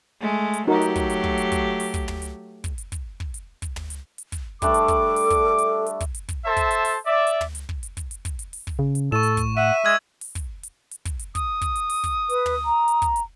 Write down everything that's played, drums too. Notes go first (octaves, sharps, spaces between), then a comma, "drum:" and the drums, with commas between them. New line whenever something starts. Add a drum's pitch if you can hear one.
G#3 A3
drum: hi-hat
F#3 A3 D#4 F#4 G4 A#4
drum: hi-hat
drum: kick, hi-hat
drum: hi-hat
drum: kick
drum: hi-hat
drum: kick, hi-hat
drum: open hi-hat
drum: kick, hi-hat
drum: tom
drum: hi-hat
drum: kick, hi-hat
drum: hi-hat
drum: kick, hi-hat
drum: kick
drum: hi-hat
drum: kick, hi-hat
drum: tom
drum: hi-hat
drum: hi-hat
drum: kick, hi-hat
G3 A3 D4 A4 D6, drum: kick, hi-hat
drum: hi-hat
drum: kick, hi-hat
drum: open hi-hat
drum: kick, hi-hat
drum: hi-hat
drum: hi-hat
drum: kick, hi-hat
drum: hi-hat
drum: kick, hi-hat
A4 C5 E5 A5
drum: kick, hi-hat
drum: hi-hat
drum: open hi-hat
D5 E5
drum: hi-hat
drum: tom
drum: hi-hat
drum: kick
drum: hi-hat
drum: kick, hi-hat
drum: hi-hat
drum: kick, hi-hat
drum: hi-hat
drum: open hi-hat
drum: kick
C#3
drum: hi-hat
A2 A4 C#6 E7
drum: hi-hat
drum: kick, hi-hat
E5 F#5 D#7
G#3 E6 G#6
drum: open hi-hat
drum: kick, hi-hat
drum: hi-hat
drum: hi-hat
drum: kick, hi-hat
drum: hi-hat
D#6, drum: kick, hi-hat
drum: kick, hi-hat
drum: hi-hat
drum: open hi-hat
drum: kick, hi-hat
B4, drum: hi-hat
drum: tom
A#5
drum: hi-hat
drum: kick, hi-hat
drum: hi-hat